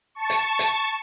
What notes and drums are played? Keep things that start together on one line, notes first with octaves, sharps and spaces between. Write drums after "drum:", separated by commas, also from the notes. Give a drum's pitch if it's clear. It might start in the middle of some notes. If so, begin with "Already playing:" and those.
A5 C#6
drum: hi-hat
drum: hi-hat